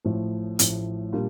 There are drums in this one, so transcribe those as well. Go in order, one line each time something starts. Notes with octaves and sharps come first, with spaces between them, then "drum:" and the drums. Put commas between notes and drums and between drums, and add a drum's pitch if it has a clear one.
A1 A2 F3
A1 A2 F3, drum: hi-hat
A#2 G3 D4